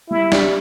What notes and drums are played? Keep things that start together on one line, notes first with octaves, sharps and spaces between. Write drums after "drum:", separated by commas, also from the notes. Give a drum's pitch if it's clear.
G3 E4
D4 G4 D5, drum: snare